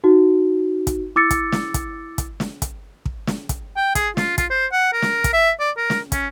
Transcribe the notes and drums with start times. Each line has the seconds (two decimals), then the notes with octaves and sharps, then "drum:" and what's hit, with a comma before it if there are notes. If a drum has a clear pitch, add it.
0.04 D#4 F#4
0.87 drum: kick, hi-hat
1.16 E4 D6 E6 A6 C#7
1.31 drum: kick, hi-hat
1.52 drum: snare
1.74 drum: kick, hi-hat
2.18 drum: kick, hi-hat
2.40 drum: snare
2.62 drum: kick, hi-hat
3.06 drum: kick
3.27 drum: snare
3.49 drum: kick, hi-hat
3.76 G5
3.95 G#4, drum: kick, hi-hat
4.17 F4, drum: snare
4.38 F4, drum: kick, hi-hat
4.51 C5
4.72 F#5
4.93 A#4
5.02 drum: snare
5.24 drum: kick, hi-hat
5.33 E5
5.60 D5
5.77 A#4
5.90 drum: snare
6.12 C#4, drum: kick, hi-hat